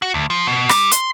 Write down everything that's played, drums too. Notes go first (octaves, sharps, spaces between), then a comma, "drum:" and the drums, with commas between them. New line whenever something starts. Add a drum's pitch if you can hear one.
F#4
D2
F3
B2
G3, drum: rim click
C6, drum: hi-hat